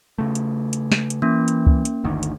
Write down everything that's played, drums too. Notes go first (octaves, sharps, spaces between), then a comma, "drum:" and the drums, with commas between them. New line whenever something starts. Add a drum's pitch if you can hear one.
C#3 A3
drum: hi-hat
drum: hi-hat
drum: snare
drum: hi-hat
E3 A#3 C#4
drum: hi-hat
drum: kick C#2
drum: hi-hat
G1 D2 D#3
drum: hi-hat